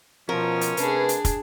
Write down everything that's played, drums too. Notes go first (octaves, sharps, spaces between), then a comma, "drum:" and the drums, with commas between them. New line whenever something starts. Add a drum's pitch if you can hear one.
B2 F3 C#4 A#4
drum: hi-hat
C3 A3 D4 G#4 B4, drum: hi-hat
drum: hi-hat
drum: kick, hi-hat